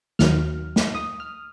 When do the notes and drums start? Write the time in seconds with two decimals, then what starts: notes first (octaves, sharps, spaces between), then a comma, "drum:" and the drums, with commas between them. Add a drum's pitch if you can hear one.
0.19 D#2 D#3 F#3 F6, drum: snare
0.76 drum: snare
0.95 D#6
1.20 F6